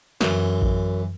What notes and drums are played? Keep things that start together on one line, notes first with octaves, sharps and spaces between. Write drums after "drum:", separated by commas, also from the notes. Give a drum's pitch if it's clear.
F#2 E3, drum: snare
drum: kick A1